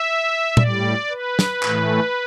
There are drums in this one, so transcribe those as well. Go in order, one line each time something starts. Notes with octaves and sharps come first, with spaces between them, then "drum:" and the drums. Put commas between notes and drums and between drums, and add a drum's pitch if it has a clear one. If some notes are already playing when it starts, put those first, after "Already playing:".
Already playing: E5
A2 G3 D5, drum: tom
B4
drum: snare
A2 E3 A3, drum: clap